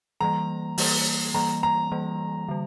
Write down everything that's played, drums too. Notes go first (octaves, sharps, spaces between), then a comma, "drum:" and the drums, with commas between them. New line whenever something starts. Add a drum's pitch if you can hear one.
E3 G3 A#3 A#5
E3 G3 A#3, drum: open hi-hat
E3 G3 A#3 A#5
A#5
E3 G3 A#3
D3 G3